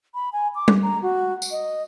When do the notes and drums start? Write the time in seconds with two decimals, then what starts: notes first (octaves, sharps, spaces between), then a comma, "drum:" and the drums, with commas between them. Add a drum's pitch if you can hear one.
0.14 B5
0.33 G#5
0.55 D6
0.68 drum: tom G3
0.83 A#5
1.02 F#4
1.42 drum: tambourine
1.51 D#5